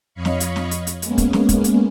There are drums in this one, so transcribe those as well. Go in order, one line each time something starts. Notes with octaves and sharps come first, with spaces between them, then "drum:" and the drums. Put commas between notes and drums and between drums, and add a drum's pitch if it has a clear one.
F2 C#5 D#5 F5 B5 C#6
drum: snare
drum: hi-hat
drum: snare
drum: hi-hat
drum: hi-hat
G#3 A#3 B3 C#4, drum: hi-hat
drum: kick, hi-hat
drum: snare
drum: kick, hi-hat
drum: hi-hat